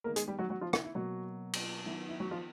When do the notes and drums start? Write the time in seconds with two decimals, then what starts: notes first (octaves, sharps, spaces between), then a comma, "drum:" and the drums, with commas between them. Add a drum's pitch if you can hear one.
0.04 D#3 G#3 A#3 B3 A#4
0.16 G#3 G#4, drum: hi-hat
0.28 G3 G4
0.39 F#3 F#4
0.50 F#3 F#4
0.61 F3 F4
0.73 E4, drum: rim click
0.84 E4
0.95 B2 F#3 A#3 F#4
1.53 drum: cymbal
1.86 D#3 F#3 B3 E4
2.09 E4
2.20 F#3 F#4
2.31 F3 F4